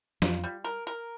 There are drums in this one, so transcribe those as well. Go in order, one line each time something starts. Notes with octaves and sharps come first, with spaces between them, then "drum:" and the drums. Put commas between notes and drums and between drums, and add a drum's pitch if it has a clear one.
F2 F3 F4, drum: snare
G3
A#4
A#4